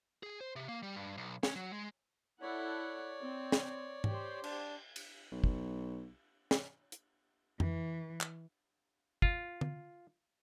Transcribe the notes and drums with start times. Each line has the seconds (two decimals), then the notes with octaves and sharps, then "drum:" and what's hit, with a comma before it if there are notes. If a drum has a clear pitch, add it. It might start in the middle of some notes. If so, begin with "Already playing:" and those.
0.23 G#4
0.40 C5
0.56 C3
0.69 A#3
0.83 G3
0.96 G2
1.17 B1
1.43 C#4, drum: snare
1.56 F#3
1.73 G#3
2.42 E4 A4 C#5 D5 F#5
3.21 C4
3.52 drum: snare
4.04 G4 C5, drum: tom G#2
4.44 D4, drum: cymbal
4.96 drum: cymbal
5.32 B1
5.44 drum: kick
6.51 drum: snare
6.92 drum: hi-hat
7.60 E3, drum: tom F2
8.21 drum: clap
9.22 F4, drum: kick
9.61 drum: tom D3